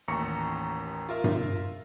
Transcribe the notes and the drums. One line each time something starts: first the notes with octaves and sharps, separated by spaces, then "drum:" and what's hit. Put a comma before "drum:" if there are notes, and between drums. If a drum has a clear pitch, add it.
A1 D#2 A#5 C#6 C#7
F4 A#4 E5
drum: tom G2